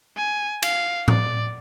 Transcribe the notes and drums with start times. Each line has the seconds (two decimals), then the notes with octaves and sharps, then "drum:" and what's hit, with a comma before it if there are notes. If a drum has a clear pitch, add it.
0.16 G#5
0.62 F5, drum: cymbal
1.08 D5, drum: tom A2